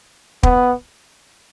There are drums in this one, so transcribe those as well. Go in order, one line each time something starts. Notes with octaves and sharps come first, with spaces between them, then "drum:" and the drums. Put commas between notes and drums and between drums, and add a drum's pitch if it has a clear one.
B3, drum: kick